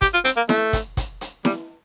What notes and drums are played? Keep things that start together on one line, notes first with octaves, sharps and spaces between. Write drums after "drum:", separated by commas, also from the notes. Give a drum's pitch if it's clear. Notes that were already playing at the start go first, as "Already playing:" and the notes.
G4, drum: kick, hi-hat
F4
C4, drum: hi-hat
A#3
A3, drum: snare E4
drum: kick, hi-hat
drum: kick, hi-hat
drum: hi-hat
G3, drum: snare E4